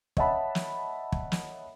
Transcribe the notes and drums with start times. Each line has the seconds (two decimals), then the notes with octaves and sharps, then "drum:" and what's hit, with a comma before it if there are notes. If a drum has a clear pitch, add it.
0.17 C#5 D#5 E5 F#5 A5 B5, drum: kick
0.55 drum: snare
1.12 drum: kick
1.32 drum: snare